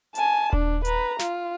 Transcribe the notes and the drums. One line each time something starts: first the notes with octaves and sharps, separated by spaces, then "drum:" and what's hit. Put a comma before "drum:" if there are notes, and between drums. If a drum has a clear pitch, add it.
G#5 A5, drum: hi-hat
D4, drum: kick D#1
B4 A#5, drum: hi-hat
F4, drum: snare